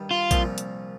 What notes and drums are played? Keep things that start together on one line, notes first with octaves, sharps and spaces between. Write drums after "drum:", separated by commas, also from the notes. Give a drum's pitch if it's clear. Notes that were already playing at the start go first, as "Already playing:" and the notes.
Already playing: G2 D#3 G3
F4
C2 A#2 F3, drum: kick A#1, hi-hat
drum: hi-hat